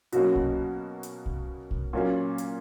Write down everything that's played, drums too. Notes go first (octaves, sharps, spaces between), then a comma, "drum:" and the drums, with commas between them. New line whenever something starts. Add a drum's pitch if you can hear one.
B2 F#3 A#3 C#4 F#4, drum: hi-hat
drum: kick
drum: hi-hat
drum: kick
drum: kick
A#2 F#3 A#3 C#4
drum: hi-hat